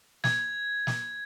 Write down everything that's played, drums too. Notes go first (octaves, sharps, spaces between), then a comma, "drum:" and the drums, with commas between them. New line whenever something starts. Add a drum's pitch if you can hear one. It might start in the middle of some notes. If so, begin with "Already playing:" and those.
G#6, drum: snare
drum: snare